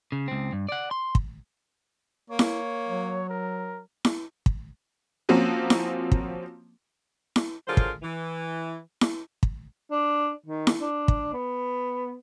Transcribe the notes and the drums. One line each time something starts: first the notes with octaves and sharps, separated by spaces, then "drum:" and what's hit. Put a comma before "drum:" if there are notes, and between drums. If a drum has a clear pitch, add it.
C#3
C#2 C4
G2
D5 F#5
C6
drum: kick
A#3 C#5
drum: snare E4
F#3
A#4
drum: snare E4
drum: kick
F3 A#3 C4 C#4 F#4
drum: snare E4
drum: kick
drum: snare E4
D3 F#3 F4 G#4 A#4 C5
drum: kick
E3
drum: snare E4
drum: kick
D4
D#3
drum: snare E4
D4
drum: kick
B3